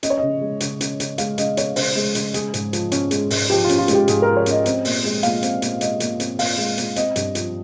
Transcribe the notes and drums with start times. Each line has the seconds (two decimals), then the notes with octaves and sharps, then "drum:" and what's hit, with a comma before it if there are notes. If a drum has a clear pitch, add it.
0.03 C#4 D#5, drum: hi-hat
0.10 C#5
0.18 C#3 D#5
0.41 G#3
0.60 C#3, drum: hi-hat
0.81 C#4, drum: hi-hat
1.00 C#3, drum: hi-hat
1.18 G#3 F5, drum: hi-hat
1.38 C#3 D#5, drum: hi-hat
1.57 C#4 C#5, drum: hi-hat
1.76 C#3 C5, drum: open hi-hat
1.95 G#3
2.15 C#3, drum: hi-hat
2.34 G#3 G#4, drum: hi-hat
2.54 G#2, drum: hi-hat
2.73 F3, drum: hi-hat
2.92 C#4, drum: hi-hat
3.11 G#3, drum: hi-hat
3.30 G#2, drum: open hi-hat
3.50 F3 G4
3.64 F4
3.69 C#4, drum: hi-hat
3.78 F4
3.88 G#3, drum: hi-hat
3.93 G4
4.08 G#2 G#4, drum: hi-hat
4.22 F3 A#4
4.37 C#5
4.46 C#4 D#5, drum: hi-hat
4.66 C4, drum: hi-hat
4.85 A#2, drum: open hi-hat
5.04 G#3
5.23 A#2 F5, drum: hi-hat
5.43 C4, drum: hi-hat
5.62 A#2, drum: hi-hat
5.81 G#3 D#5, drum: hi-hat
6.00 A#2, drum: hi-hat
6.20 C4, drum: hi-hat
6.39 A#2 F5, drum: open hi-hat
6.58 G#3
6.78 A#2, drum: hi-hat
6.96 C4 D#5, drum: hi-hat
7.16 G2, drum: hi-hat
7.35 F3, drum: hi-hat